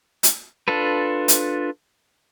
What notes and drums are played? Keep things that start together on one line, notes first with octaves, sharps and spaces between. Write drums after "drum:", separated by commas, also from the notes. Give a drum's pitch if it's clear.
drum: hi-hat
D4 F4 A4 B4
drum: hi-hat